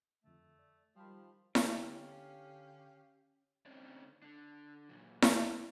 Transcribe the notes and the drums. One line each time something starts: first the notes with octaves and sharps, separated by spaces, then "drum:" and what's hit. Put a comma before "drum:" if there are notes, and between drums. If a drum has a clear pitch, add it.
F2 D3 A3
D5
D#3 F3 G3 G5 A5 B5
D3 C#4 G4 F5, drum: snare E4
D3 C4 C#4 D#4 C5 D5
D3 D4
A#2 F#3
drum: snare E4